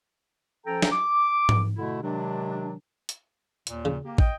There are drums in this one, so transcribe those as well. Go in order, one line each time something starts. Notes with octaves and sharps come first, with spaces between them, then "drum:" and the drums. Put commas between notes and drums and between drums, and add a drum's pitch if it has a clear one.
F3 C#4 A4 G5 A#5
drum: snare
D6
drum: tom G#2
B2 D3 A3 E4
C3 D#3 F#3 G#3 D4
drum: hi-hat
D#2 A#2, drum: hi-hat
C#3
A#3 G4
D#5 G5, drum: kick